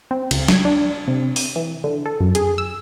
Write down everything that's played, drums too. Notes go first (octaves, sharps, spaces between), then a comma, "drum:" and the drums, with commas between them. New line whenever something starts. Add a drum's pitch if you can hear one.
C4
C#2, drum: cymbal
G#6, drum: snare
D4
C3
D#7, drum: open hi-hat
E3
D3
A4
F#2
G#4, drum: hi-hat
E6